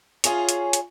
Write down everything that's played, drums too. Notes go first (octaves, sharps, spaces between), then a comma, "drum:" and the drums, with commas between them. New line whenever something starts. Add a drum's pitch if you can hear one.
C#4 F4 G#4 C#5, drum: hi-hat
drum: hi-hat
drum: hi-hat